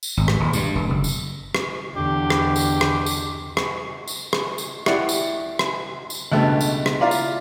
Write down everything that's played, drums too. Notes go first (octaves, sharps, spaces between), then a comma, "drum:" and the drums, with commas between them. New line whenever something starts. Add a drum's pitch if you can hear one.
drum: tambourine
G#1
drum: rim click
D#1
G2, drum: tambourine
E1
F#1
drum: tambourine
drum: rim click
E2 D3 G4
drum: rim click
drum: tambourine
drum: rim click
drum: tambourine
drum: rim click
drum: tambourine
drum: rim click
drum: tambourine
E4 G4 D5 F#5, drum: rim click
drum: tambourine
drum: rim click
drum: tambourine
C#2 G2 B2 A3
drum: tambourine
drum: rim click
E4 F4 D5 F5 A#5
drum: tambourine